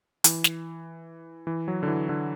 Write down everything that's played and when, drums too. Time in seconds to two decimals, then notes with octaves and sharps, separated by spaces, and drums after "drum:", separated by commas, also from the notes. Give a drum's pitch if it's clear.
0.24 E3, drum: hi-hat
0.44 drum: snare
1.47 E3
1.68 F#3
1.83 D3
1.88 E3
2.09 D3